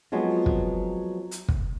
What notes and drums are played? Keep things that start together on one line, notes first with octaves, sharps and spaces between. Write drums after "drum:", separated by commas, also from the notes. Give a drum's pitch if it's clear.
F3 F#3 G#3 B3 C4
drum: kick
drum: hi-hat
drum: kick